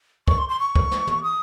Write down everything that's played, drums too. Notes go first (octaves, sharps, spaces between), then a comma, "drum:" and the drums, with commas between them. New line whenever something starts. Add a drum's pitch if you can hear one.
C#6, drum: kick
C6
C6
C#6
drum: kick
drum: snare
drum: tom
D#6